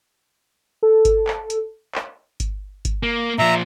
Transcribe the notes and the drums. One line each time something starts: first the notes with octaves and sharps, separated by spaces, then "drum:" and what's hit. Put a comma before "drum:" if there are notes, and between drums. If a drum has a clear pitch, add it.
A4
drum: kick G1, hi-hat
drum: clap
drum: hi-hat
drum: clap
drum: kick G1, hi-hat
drum: kick G1, hi-hat
A#3
A#2 F3 E5 A#5